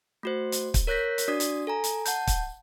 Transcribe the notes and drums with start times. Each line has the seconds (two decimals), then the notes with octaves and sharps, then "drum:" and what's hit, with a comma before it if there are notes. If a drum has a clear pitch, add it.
0.23 A3 F#4 C5
0.52 drum: hi-hat
0.74 drum: kick, hi-hat
0.87 A#4 C#5 F#6 G6 A#6 B6
1.18 drum: hi-hat
1.28 D4 F#4 D5 D#6
1.40 drum: hi-hat
1.67 A4 G#5 A#5
1.84 drum: hi-hat
2.06 F#5 A5 G6, drum: hi-hat
2.27 drum: kick, hi-hat